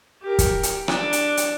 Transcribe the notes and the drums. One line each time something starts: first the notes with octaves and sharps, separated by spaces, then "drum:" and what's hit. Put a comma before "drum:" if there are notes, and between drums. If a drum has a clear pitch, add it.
G4 A#4
drum: kick, hi-hat
drum: hi-hat
D4, drum: rim click
drum: hi-hat
drum: hi-hat